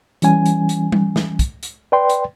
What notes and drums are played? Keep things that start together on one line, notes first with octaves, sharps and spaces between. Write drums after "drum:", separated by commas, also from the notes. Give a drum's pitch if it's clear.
E3 G3 C#4 G#5, drum: hi-hat
drum: hi-hat
drum: hi-hat
drum: tom G3
drum: snare
drum: kick, hi-hat
drum: hi-hat
B4 D5 G5 C6
drum: hi-hat